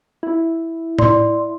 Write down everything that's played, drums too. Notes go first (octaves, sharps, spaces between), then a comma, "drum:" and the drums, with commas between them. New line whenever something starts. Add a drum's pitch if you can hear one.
E4
D5 C6, drum: tom A2